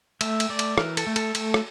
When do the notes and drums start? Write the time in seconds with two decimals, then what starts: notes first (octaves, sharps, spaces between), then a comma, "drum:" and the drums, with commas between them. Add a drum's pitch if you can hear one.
0.21 A3 E5, drum: cymbal
0.40 drum: cymbal
0.49 A3 D5
0.59 drum: cymbal
0.78 E3 A#4, drum: rim click
0.97 A4, drum: cymbal
1.07 A3
1.16 A4, drum: cymbal
1.35 A3, drum: cymbal
1.54 drum: rim click